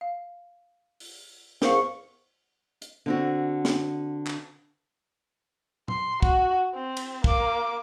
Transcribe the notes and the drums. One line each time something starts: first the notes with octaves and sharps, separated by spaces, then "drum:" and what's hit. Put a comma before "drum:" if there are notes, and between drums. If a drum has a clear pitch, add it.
F5
drum: open hi-hat
E2 A#4 C5 F5 C#6, drum: snare
drum: hi-hat
D3 C4 F#4
drum: snare
drum: clap
C6, drum: tom A#2
F#4, drum: kick
C4
drum: cymbal
A#3 D6, drum: kick